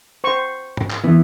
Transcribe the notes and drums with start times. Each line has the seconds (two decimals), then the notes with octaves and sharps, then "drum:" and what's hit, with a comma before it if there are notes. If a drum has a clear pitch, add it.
0.24 C5 C#6
0.77 drum: tom G#2
0.90 drum: clap
1.04 E3 B3